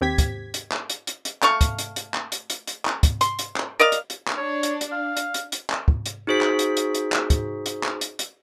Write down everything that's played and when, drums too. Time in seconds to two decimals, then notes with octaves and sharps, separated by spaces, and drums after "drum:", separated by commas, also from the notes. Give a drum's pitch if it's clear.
0.01 D#2 C4 G4 G#6 B6
0.18 drum: kick, hi-hat
0.54 drum: hi-hat
0.72 drum: clap
0.90 drum: hi-hat
1.07 drum: hi-hat
1.25 drum: hi-hat
1.43 A3 F5 C#6, drum: clap
1.61 drum: kick, hi-hat
1.79 drum: hi-hat
1.96 drum: hi-hat
2.14 drum: clap
2.32 drum: hi-hat
2.50 drum: hi-hat
2.68 drum: hi-hat
2.85 drum: clap
3.03 drum: kick, hi-hat
3.21 C6, drum: hi-hat
3.39 drum: hi-hat
3.56 drum: clap
3.80 A#4 D5 D#5 F5
3.92 drum: hi-hat
4.10 drum: hi-hat
4.28 drum: clap
4.37 D4 C#5
4.63 drum: hi-hat
4.81 drum: hi-hat
4.92 F5
5.17 drum: hi-hat
5.34 drum: hi-hat
5.52 drum: hi-hat
5.70 drum: clap
5.88 drum: kick
6.06 drum: hi-hat
6.27 D#4 F#4 G#4 C5 B6
6.41 drum: clap
6.59 drum: hi-hat
6.77 drum: hi-hat
6.95 drum: hi-hat
7.12 drum: clap
7.30 drum: kick, hi-hat
7.66 drum: hi-hat
7.84 drum: clap
8.01 drum: hi-hat
8.19 drum: hi-hat